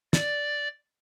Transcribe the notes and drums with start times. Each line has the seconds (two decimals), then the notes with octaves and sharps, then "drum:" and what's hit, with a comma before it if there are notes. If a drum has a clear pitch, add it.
0.13 D5, drum: snare